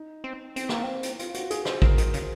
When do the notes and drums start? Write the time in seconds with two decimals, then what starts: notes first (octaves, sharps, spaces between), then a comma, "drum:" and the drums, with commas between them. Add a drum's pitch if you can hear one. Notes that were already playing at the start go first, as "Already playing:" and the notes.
Already playing: D#4
0.24 C4
0.56 C4, drum: hi-hat
0.69 A#3, drum: rim click
0.83 C4
1.03 drum: hi-hat
1.19 F4, drum: hi-hat
1.34 F#4, drum: hi-hat
1.50 G#4, drum: hi-hat
1.65 C5, drum: rim click
1.82 C4 A#4, drum: kick A1
1.98 D#3, drum: hi-hat
2.14 C#3, drum: hi-hat